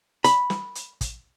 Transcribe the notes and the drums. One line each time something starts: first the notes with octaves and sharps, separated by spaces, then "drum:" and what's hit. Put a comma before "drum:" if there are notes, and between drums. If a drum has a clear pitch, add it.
B5, drum: hi-hat
drum: snare
drum: hi-hat
drum: kick, hi-hat